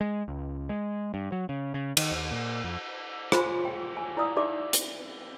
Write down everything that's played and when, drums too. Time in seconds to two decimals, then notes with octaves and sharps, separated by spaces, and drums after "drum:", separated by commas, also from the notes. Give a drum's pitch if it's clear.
0.01 G#3
0.28 C#2
0.69 G#3
1.14 G2
1.32 F#3
1.49 C#3
1.74 C#3
1.97 D#3, drum: cymbal
2.11 D#2
2.31 A#2
2.64 F2
3.32 F4 C5 G#5 B5 C6, drum: rim click
3.65 G5
3.97 G#5
4.17 E4 D5 F5 D#6 E6
4.36 D#4 G4 D5 E5 D6
4.73 drum: hi-hat